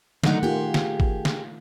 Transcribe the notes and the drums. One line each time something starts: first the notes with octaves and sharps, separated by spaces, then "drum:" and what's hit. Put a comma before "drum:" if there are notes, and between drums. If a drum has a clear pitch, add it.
D3 D#3 F#3 A3 D#4 F#5, drum: snare
A#3 F4 G4 G#4
drum: snare
drum: kick
drum: snare